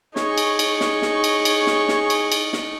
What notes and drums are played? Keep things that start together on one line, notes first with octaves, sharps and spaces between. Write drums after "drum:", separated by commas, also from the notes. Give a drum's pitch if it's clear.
D#4 G#4 C#5 C#6, drum: snare
drum: cymbal
drum: cymbal
drum: snare
drum: snare
drum: cymbal
drum: cymbal
drum: snare
drum: snare
drum: cymbal
drum: cymbal
drum: snare